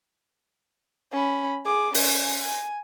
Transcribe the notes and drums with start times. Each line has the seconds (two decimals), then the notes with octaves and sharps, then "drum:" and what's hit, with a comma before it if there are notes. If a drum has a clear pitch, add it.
1.12 C#4 B5
1.66 G#4 D6
1.94 C#4 G#5, drum: open hi-hat
2.41 G#5